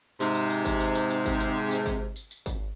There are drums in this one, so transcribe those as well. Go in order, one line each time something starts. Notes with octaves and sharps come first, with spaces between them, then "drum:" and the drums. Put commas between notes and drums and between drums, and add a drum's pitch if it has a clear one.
G#2 C3, drum: tambourine
drum: tambourine
drum: tambourine
drum: kick G#1, tambourine
drum: tambourine
drum: tambourine
drum: tambourine
drum: kick G#1, tambourine
drum: tambourine
drum: tambourine
drum: kick G#1, tambourine
drum: tambourine
drum: tambourine
drum: kick G#1, tambourine